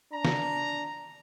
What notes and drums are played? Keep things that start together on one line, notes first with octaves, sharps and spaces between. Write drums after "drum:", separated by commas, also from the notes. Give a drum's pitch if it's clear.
D4 A#5
drum: snare